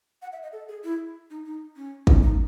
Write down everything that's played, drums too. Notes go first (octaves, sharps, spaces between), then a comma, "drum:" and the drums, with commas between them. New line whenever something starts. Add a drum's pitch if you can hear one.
F#5
E5
D#5
A4
G#4
E4
D#4
D#4
C#4
C#4, drum: kick
D#4